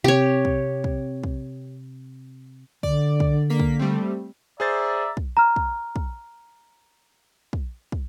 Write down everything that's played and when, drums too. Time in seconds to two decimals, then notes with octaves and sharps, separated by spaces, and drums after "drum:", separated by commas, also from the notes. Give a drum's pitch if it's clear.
0.04 C3 G4 C#5
0.45 drum: kick
0.84 drum: kick
1.24 drum: kick
2.83 D3 D5, drum: kick
3.20 drum: kick
3.50 A#3 B6
3.60 drum: kick
3.79 G3 A3 C4
4.60 G#4 C5 D5 E5 A#5 A6
5.17 drum: kick
5.37 A#5 F6
5.56 drum: kick
5.96 drum: kick
7.53 drum: kick
7.92 drum: kick